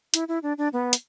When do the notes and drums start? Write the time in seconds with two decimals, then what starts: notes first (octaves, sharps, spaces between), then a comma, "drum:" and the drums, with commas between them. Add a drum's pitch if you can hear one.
0.14 E4, drum: hi-hat
0.28 E4
0.43 D4
0.58 D4
0.73 B3
0.93 drum: hi-hat